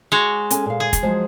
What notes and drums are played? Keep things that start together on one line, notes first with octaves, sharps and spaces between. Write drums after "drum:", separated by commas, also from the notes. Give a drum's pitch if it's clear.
G#3 F#4 C#5
C#4 A4 G#5, drum: hi-hat
A#2 F5
G#4
drum: kick, hi-hat
F3 F#3 G#3